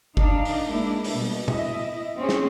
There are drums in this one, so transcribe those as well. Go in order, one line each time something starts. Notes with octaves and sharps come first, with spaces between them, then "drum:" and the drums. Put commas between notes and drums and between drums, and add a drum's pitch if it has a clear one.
D4 D#4 F5, drum: kick G1
drum: open hi-hat
G#3 A#3 D4 E4
drum: open hi-hat
B2 G3
E4 D#5 E5, drum: tom B2
C4 C#4 G#4
drum: snare